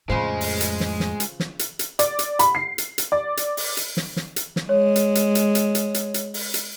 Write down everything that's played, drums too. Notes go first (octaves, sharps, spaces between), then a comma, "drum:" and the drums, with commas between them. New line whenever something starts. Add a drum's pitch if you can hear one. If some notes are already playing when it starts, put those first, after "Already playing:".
F2 A2 C#3 G#3 F4 C5
drum: open hi-hat
drum: hi-hat
drum: snare
drum: snare
drum: hi-hat
drum: snare
drum: hi-hat
drum: hi-hat
D5, drum: hi-hat
drum: hi-hat
B5, drum: hi-hat
C7
drum: hi-hat
drum: hi-hat
D5
drum: hi-hat
drum: open hi-hat
drum: hi-hat
drum: snare
drum: snare
drum: hi-hat
drum: snare
G#3 C#5
drum: hi-hat
drum: hi-hat
drum: hi-hat
drum: hi-hat
drum: hi-hat
drum: hi-hat
drum: hi-hat
drum: open hi-hat
drum: hi-hat